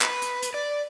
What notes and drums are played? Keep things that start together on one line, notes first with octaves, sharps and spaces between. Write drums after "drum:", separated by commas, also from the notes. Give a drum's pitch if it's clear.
B4, drum: clap
drum: hi-hat
drum: hi-hat
D5